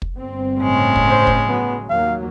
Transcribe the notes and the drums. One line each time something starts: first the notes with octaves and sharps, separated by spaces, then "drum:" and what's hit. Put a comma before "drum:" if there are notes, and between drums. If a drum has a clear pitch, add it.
drum: kick
G1 C4
A2 C#3 G#3
drum: kick
C5
drum: kick
F#3 B3
D#2 F#3 A#3 F5